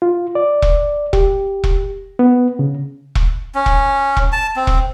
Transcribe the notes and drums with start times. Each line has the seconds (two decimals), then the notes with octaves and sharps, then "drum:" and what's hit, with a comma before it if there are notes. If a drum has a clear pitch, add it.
0.02 F4
0.35 D5
0.62 drum: kick E1
1.13 G4, drum: kick E1
1.64 drum: kick E1
2.19 B3
2.59 C#3
3.15 drum: kick E1
3.55 C#4
3.66 drum: kick E1
4.17 drum: kick E1
4.32 A5
4.56 C4
4.67 drum: kick E1